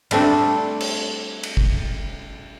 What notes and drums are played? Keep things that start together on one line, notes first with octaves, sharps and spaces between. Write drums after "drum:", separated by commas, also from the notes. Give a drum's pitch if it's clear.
G3 A3 C4 D4, drum: cymbal
drum: cymbal
drum: cymbal
drum: kick